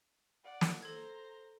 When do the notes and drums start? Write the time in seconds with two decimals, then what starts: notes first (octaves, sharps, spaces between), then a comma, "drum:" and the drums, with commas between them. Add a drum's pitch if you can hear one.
0.44 D5 F#5
0.61 drum: snare
0.82 A4 C5 A#5 G#6